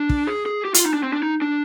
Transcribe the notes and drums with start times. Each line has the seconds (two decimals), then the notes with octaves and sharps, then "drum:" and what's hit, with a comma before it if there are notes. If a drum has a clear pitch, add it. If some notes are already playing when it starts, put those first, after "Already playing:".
Already playing: D4
0.09 drum: kick
0.27 G#4
0.46 G#4
0.65 G4
0.74 F4, drum: hi-hat
0.84 D#4
0.94 D4
1.03 C4
1.13 D4
1.23 D#4
1.42 D4